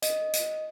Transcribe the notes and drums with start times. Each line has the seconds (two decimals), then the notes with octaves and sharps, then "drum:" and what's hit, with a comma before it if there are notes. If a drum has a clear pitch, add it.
0.02 D#5, drum: hi-hat
0.33 drum: hi-hat